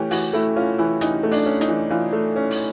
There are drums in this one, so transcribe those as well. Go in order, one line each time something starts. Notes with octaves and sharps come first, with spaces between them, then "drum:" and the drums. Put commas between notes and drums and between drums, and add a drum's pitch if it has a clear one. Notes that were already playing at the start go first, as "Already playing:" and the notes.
Already playing: E3 A3 C#4 G4
E3 F#4, drum: open hi-hat
A3 E4
C#4 F4
E3 E4
E3 D#4, drum: hi-hat
A3
D4, drum: open hi-hat
C#4
D#4, drum: hi-hat
E3
E3 F4
A3
C#4
drum: open hi-hat